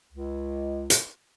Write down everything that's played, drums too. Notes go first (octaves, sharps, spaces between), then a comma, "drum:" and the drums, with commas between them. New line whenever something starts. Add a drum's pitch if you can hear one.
C#2
drum: hi-hat